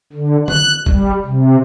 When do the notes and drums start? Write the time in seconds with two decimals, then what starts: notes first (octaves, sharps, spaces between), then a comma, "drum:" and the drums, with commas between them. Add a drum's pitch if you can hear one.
0.13 D3
0.48 F#6, drum: tom D3
0.86 G3, drum: kick G1
1.25 C3